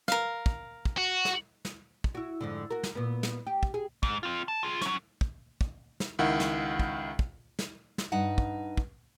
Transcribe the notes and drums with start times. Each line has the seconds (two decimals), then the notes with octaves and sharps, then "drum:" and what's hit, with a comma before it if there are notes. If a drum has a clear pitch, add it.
0.08 A#4 F5, drum: snare
0.46 drum: kick
0.85 drum: kick
0.97 F#4
1.25 drum: snare
1.65 drum: snare
2.04 drum: kick
2.15 E4 F#4
2.41 F2 G#2 D3
2.70 F#4 A#4
2.83 drum: snare
2.95 A#2 B3
3.23 drum: snare
3.47 G4
3.63 drum: kick
3.74 G#4
4.03 G#2, drum: kick
4.23 C4 F4
4.48 A5
4.63 F4 G#4
4.81 F#3 C#4, drum: snare
5.21 drum: kick
5.61 drum: kick
6.00 drum: snare
6.19 C#2 D#3 E4 F#5
6.40 drum: snare
6.79 drum: kick
7.19 drum: kick
7.59 drum: snare
7.98 drum: snare
8.12 G2 D#4 F#5
8.38 drum: kick
8.77 drum: kick